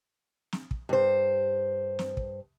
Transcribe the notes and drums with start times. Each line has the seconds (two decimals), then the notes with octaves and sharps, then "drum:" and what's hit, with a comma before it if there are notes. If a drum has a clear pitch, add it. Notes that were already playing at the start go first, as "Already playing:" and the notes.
0.52 drum: snare
0.71 drum: kick
0.89 G2 C5
1.99 drum: snare
2.17 drum: kick